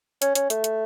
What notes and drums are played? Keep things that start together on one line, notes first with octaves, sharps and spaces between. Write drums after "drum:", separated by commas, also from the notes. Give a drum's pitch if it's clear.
C#4, drum: hi-hat
C#4, drum: hi-hat
A3, drum: hi-hat
drum: hi-hat